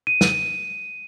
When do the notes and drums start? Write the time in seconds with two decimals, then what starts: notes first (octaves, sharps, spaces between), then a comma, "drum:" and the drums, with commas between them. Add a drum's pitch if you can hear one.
0.07 D#7
0.21 drum: snare